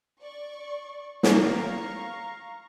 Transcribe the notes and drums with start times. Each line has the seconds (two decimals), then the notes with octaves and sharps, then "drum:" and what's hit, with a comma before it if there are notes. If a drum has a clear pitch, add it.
0.21 D5 C#6
1.23 F5 A#5 C#6, drum: snare